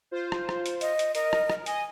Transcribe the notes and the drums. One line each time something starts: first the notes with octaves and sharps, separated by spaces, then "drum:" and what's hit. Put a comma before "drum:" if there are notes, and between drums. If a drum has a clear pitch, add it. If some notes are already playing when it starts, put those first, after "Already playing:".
F4 C5
drum: rim click
drum: rim click
drum: hi-hat
D#5, drum: hi-hat
drum: hi-hat
A#4 D#5, drum: hi-hat
drum: rim click
drum: rim click
D#5 G#5, drum: hi-hat